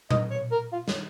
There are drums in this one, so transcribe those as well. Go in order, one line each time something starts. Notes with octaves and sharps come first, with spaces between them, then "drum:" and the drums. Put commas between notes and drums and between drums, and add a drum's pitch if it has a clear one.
D#5, drum: tom A#2
C#5
A#4
F4
C#4, drum: snare